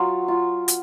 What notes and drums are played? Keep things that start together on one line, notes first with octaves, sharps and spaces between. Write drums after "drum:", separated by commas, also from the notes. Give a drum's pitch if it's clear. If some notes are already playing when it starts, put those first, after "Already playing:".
Already playing: F#3 F4
F4
drum: hi-hat